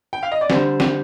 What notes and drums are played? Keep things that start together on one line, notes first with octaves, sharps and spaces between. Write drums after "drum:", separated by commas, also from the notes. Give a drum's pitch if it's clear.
G5
F5
D#5
D5
D3 G3 C5, drum: snare
drum: snare